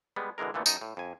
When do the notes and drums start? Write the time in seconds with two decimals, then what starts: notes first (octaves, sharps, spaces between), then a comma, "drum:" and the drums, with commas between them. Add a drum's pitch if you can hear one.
0.16 G3 G#3 B3
0.38 B2 D3 E3 G#3 A#4
0.54 A#2 D3 E3 A3 B3
0.66 F#2 D#4 A5, drum: tambourine
0.81 A2
0.97 F2 G#5